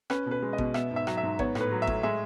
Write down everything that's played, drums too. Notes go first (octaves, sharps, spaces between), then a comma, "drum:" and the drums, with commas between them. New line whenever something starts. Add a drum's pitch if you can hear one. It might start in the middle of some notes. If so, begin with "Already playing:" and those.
C#4 B4, drum: rim click
B2
B4
G#3
D#5
B2, drum: kick G#1
B3 E5, drum: rim click
G#2
E5
F#3, drum: rim click
E5
G#2
B3 C#5, drum: kick G#1
A2, drum: rim click
B4
F#3
E5
A2, drum: kick G#1
G#3 E5